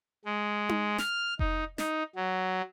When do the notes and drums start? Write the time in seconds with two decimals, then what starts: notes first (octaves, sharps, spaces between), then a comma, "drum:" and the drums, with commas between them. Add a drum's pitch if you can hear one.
0.25 G#3
0.69 drum: tom D#4
0.98 F6, drum: snare
1.39 D#4, drum: kick F1
1.78 D#4, drum: snare
2.15 F#3